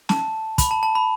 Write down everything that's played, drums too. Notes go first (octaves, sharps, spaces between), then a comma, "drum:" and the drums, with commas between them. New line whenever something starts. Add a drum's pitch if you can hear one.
A5, drum: snare
B5, drum: kick, hi-hat
A5
A5
B5